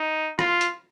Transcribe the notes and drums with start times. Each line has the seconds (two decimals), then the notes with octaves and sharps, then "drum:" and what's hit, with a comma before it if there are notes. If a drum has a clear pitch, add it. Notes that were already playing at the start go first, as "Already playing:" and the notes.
Already playing: D#4
0.39 F4, drum: rim click
0.61 drum: hi-hat